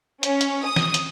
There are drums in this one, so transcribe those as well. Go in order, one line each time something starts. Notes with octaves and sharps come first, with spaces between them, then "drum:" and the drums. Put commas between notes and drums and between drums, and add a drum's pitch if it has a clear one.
C#4, drum: hi-hat
drum: hi-hat
D#6
drum: snare
drum: hi-hat